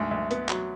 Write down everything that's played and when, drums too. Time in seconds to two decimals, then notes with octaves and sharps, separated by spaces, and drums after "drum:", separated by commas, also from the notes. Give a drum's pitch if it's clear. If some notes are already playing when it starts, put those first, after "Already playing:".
Already playing: D2 G#2
0.11 D2
0.31 B3, drum: hi-hat
0.49 F#3, drum: clap